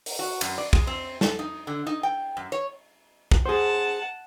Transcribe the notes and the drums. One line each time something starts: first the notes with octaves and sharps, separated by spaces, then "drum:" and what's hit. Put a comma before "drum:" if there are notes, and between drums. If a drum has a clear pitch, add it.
drum: open hi-hat
F#4
F#2, drum: cymbal
D5
G#3, drum: kick
C4
A4, drum: snare
D#4
D3
D#4
G5
F#2
C#5
drum: kick
G#4 C5 F#5 A5